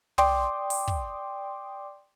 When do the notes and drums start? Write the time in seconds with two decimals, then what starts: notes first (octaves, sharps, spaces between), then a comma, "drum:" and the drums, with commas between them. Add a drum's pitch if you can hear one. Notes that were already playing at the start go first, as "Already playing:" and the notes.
0.18 D5 G5 C6 D6 D#6, drum: tom
0.70 drum: open hi-hat
0.88 drum: kick